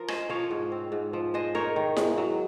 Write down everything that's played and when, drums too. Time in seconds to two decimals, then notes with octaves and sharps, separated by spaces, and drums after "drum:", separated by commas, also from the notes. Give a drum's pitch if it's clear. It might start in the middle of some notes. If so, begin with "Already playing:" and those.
Already playing: F3 A#4
0.08 C#4 C5 D#5, drum: rim click
0.29 F3 C#5 F5
0.51 G#2
0.72 C4
0.92 G#2
1.13 F3
1.34 G#3 C5 D#5
1.55 D#4 A#4 C#5
1.76 D#3
1.97 G#3, drum: snare E4
2.18 F#3